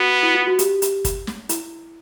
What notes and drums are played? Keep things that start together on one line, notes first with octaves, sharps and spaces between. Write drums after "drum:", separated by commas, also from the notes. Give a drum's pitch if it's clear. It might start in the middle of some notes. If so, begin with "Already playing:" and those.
Already playing: B3 F#4
E4
F4
F#4
G4, drum: hi-hat
drum: hi-hat
drum: kick, hi-hat
drum: snare
E4, drum: hi-hat